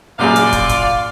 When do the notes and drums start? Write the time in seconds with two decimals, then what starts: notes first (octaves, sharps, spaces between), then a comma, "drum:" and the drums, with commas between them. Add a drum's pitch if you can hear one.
0.19 A#1 F#2 F4 G#4 D5 F5
0.36 drum: hi-hat
0.53 drum: kick, hi-hat
0.69 drum: kick, hi-hat